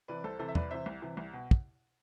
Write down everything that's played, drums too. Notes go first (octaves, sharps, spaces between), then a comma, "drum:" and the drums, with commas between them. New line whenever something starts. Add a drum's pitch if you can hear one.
C3 E3 B4 D5
C2 A4 C5
C3 E3 A4 C5
E5
C2 B4 D5, drum: tom
C3 E3 C5 E5
C2
C3 E3
C2
B2
drum: kick